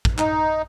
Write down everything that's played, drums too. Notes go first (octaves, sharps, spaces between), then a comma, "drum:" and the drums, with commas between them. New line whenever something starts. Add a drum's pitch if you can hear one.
drum: kick
D#4, drum: clap